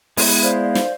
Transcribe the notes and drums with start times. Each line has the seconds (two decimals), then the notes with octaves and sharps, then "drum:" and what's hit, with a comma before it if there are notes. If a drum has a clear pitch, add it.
0.17 G#3 B3 E4, drum: open hi-hat
0.42 C5 D5 F5
0.75 drum: snare